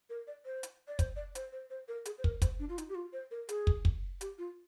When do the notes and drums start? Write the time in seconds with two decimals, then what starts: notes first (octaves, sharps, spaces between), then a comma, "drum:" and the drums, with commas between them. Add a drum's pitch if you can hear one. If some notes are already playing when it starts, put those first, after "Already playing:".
0.10 A#4
0.27 D5
0.45 C5
0.63 drum: hi-hat
0.88 D5
0.99 C5, drum: kick, hi-hat
1.16 D5
1.35 C5, drum: hi-hat
1.52 C5
1.70 C5
1.88 A#4
2.05 G#4, drum: hi-hat
2.18 C5
2.24 A#4, drum: kick
2.42 C5, drum: kick, hi-hat
2.59 D4
2.69 F4
2.78 D#4, drum: hi-hat
2.89 G4
2.95 F4
3.13 C5
3.31 A#4
3.49 G#4, drum: hi-hat
3.67 drum: kick
3.85 drum: kick
4.21 G4, drum: hi-hat
4.38 F4